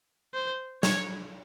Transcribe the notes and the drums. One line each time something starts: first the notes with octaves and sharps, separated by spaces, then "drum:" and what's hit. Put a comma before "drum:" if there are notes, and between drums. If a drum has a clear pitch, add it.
C5
C#5, drum: snare